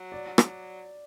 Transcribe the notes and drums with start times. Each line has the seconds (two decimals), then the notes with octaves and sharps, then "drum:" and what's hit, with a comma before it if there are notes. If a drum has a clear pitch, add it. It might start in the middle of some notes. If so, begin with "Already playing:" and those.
Already playing: F#3
0.12 D5
0.38 drum: rim click